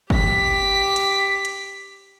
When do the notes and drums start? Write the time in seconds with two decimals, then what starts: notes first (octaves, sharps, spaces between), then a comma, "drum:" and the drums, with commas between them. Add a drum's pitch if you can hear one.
0.10 G4 B6, drum: kick G1
0.96 drum: hi-hat
1.45 drum: hi-hat